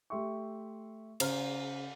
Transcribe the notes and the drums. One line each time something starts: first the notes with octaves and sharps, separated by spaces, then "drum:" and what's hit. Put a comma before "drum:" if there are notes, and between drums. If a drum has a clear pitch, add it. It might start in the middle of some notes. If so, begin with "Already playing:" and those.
A3 G4 E5 C6 C#6
C#3 C5 A#5 F6, drum: cymbal